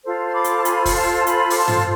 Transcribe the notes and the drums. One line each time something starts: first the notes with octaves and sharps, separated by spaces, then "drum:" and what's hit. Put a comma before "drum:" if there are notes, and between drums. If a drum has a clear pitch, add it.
F4 A4 C5
C6
B5 D6
drum: hi-hat
A5
G#5 B5, drum: hi-hat
drum: kick, open hi-hat
F5 A5
A5
G#5 B5, drum: hi-hat
D6, drum: open hi-hat
A5 C6
drum: tom G2